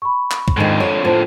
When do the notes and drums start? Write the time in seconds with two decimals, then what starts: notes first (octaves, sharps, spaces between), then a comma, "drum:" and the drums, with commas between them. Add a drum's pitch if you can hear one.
0.02 B5 C#6
0.31 drum: clap
0.48 drum: kick
0.57 F2 G#2 D3 D#3
0.80 C#5
1.05 A2 F4 C5 A5